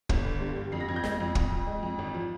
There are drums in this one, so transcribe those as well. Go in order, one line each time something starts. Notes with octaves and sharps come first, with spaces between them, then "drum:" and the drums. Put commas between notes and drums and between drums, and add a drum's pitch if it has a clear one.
G1, drum: kick
D3
G2
G2
F2 C7
A#6
F2 G#6
G6 A#6
G#3, drum: snare
F2
F2, drum: kick
F2
G#3
F2
G#1
F3